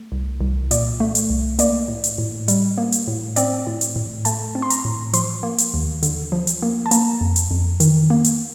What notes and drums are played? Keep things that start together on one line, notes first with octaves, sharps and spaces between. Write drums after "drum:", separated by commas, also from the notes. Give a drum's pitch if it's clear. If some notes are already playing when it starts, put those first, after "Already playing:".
Already playing: A3
C2
C2
A#2 D5, drum: hi-hat
A3
drum: hi-hat
C2
A#3 D5, drum: hi-hat
A2
drum: hi-hat
A2
G3, drum: hi-hat
A#3
drum: hi-hat
A2
C4 D5, drum: hi-hat
A2
drum: hi-hat
A2
A3 A5, drum: hi-hat
C4
C6
A#5, drum: hi-hat
A2
F3 C6, drum: hi-hat
A#3
drum: hi-hat
D#2
D3, drum: hi-hat
F3
drum: hi-hat
A#3
A5
A#3 A#5, drum: hi-hat
F2
drum: hi-hat
F2
D#3, drum: hi-hat
A#3
drum: hi-hat